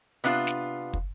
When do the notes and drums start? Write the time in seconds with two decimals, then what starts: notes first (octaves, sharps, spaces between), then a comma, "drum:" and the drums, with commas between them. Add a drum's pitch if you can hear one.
0.24 C3 B3 D4 F4
0.47 drum: snare
0.93 drum: kick